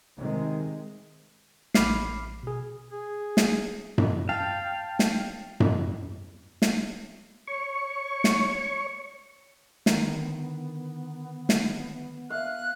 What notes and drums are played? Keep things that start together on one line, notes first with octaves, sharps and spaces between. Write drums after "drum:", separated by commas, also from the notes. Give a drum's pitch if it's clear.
C3 D#3 G#3
A1 B5 D6 F6 C7, drum: snare
B2 G#4
G#4
drum: snare
drum: tom F#2
F5 G5 A5 A6
drum: snare
drum: tom F#2
drum: snare
C#5 C#6
drum: snare
D3 D#3 B3 A#4, drum: snare
drum: snare
F5 F#6